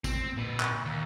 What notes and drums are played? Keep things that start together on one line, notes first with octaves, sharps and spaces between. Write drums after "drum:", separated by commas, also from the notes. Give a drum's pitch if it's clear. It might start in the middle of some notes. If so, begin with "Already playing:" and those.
C4, drum: kick, tambourine
A#2 B4
drum: clap
D#2